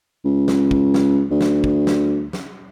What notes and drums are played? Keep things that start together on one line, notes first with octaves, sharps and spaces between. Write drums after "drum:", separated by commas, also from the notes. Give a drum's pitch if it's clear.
C#2
drum: snare
drum: kick
drum: snare
D2
drum: snare
drum: kick
drum: snare
drum: snare